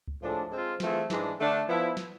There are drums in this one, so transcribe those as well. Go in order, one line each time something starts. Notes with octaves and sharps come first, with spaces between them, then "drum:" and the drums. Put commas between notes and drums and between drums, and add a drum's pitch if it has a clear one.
drum: kick C#2
A2 F3 G#3 D4 A4
G#3 C4 F4
E3 A3 C4 F4 G#4, drum: snare
G#2 E3 G#3 D4, drum: snare
D3 A3 D4
F3 B3 E4
drum: snare